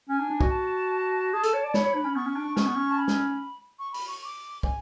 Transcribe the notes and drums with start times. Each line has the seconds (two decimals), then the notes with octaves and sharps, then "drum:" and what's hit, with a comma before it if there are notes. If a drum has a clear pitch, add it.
0.09 C#4 G#5
0.20 D4
0.30 D4
0.41 F#4, drum: kick
0.50 A5
1.33 G#4 A5
1.43 A4, drum: hi-hat
1.54 C#5
1.64 D5 A5
1.74 C#5 B5, drum: snare
1.84 C#5
1.95 D4
2.05 C#4
2.15 B3 C#6
2.26 C#4
2.36 D4
2.47 D4
2.57 C#4 C#6, drum: snare
2.66 B3
2.76 C#4
2.90 A5
2.98 B5
3.08 drum: snare
3.80 C#6
3.94 B5, drum: open hi-hat
4.07 C#6
4.22 D6
4.63 G#5, drum: kick